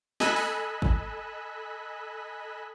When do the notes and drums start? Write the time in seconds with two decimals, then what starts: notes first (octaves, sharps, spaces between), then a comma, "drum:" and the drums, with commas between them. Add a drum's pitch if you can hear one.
0.20 A4 D#5 G#5 B5 E6 F#6, drum: snare
0.36 drum: open hi-hat
0.82 drum: kick